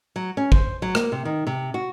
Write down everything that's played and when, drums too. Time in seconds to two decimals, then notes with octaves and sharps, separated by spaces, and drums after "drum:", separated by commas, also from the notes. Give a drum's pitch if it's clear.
0.16 F#3
0.37 C#4
0.52 C5, drum: kick
0.82 F#3
0.95 A#3, drum: rim click
1.12 C3
1.25 D#3
1.47 C3
1.74 F#4